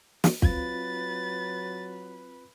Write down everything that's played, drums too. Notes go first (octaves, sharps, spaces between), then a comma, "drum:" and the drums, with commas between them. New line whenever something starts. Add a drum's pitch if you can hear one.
drum: snare
F#3 C4 F4 B4 A6, drum: kick